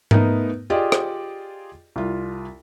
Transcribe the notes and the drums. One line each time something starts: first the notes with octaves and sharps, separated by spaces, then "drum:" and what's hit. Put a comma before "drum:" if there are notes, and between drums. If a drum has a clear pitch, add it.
A3 B3 D#4 A#4, drum: tom G#2
F4 G4 G#4 D5 D#5
drum: rim click
C2 F4